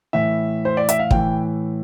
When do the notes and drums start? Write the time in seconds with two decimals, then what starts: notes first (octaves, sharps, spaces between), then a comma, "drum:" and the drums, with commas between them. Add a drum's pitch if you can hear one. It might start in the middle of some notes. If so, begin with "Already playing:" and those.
0.13 A2 E3 E5
0.65 C5
0.77 D5
0.89 E5, drum: hi-hat
0.99 F5
1.11 A2 E3 G5, drum: kick